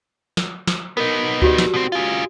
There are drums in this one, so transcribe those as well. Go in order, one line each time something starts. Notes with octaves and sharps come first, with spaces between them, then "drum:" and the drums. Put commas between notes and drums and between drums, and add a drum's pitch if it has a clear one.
drum: snare
drum: snare
B3 D#4 A#4
F#4 G4 D5, drum: kick D2
drum: snare
B2 C4
F4 G#4